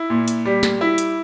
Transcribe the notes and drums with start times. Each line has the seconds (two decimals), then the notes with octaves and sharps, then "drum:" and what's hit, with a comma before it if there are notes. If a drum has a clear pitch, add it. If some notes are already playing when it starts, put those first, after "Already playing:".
Already playing: E4
0.10 A#2
0.28 drum: hi-hat
0.45 G3
0.63 drum: snare
0.81 E4
0.98 drum: hi-hat